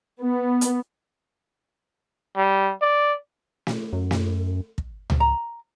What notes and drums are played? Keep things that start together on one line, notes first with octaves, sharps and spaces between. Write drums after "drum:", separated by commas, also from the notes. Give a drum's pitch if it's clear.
B3
drum: hi-hat
G3
D5
drum: snare
F#2
drum: snare
drum: kick
drum: tom C#2
A#5